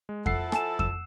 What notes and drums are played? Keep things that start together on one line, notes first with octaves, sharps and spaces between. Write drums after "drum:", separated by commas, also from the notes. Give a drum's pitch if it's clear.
G#3
F3 E4 A4 F#5 C7, drum: kick F2
G#5 A5 E7, drum: rim click
E6 E7, drum: kick F2